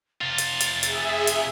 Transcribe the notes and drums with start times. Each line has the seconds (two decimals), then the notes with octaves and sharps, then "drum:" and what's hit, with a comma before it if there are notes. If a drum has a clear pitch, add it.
0.21 C3 F4 A6
0.38 drum: hi-hat
0.60 drum: hi-hat
0.83 G#4 E5, drum: hi-hat
1.27 drum: hi-hat